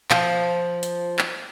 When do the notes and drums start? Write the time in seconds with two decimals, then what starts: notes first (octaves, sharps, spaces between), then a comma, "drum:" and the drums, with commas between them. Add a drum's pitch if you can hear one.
0.11 F3, drum: clap
0.83 drum: hi-hat
1.19 drum: clap